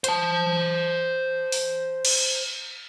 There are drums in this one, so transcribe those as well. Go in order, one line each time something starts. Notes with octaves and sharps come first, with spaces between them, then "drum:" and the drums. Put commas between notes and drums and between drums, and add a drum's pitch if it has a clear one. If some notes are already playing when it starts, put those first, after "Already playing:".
C5 A5, drum: hi-hat
drum: open hi-hat
drum: cymbal